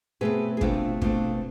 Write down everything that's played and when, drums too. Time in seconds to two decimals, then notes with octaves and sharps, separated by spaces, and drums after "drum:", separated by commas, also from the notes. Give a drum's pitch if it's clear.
0.21 B2 A3 C4 G#4 B4
0.57 G#4
0.61 B2 A3 C4 D4 F4, drum: kick
1.02 B2 A3 C4 D4 F4, drum: kick